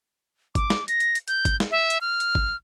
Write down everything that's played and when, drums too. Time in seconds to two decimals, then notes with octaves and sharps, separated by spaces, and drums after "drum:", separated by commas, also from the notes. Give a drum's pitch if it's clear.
0.55 D6, drum: kick, hi-hat
0.70 drum: snare
0.88 A#6, drum: hi-hat
1.00 drum: hi-hat
1.15 drum: hi-hat
1.28 G6, drum: hi-hat
1.45 drum: kick, hi-hat
1.60 drum: snare
1.71 E5
1.90 drum: hi-hat
2.01 F6
2.20 drum: hi-hat
2.35 drum: kick